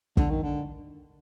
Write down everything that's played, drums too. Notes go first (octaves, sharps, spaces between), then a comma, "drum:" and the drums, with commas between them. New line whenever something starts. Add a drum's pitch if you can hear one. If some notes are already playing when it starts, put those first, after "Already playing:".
D3, drum: kick
D#3
D3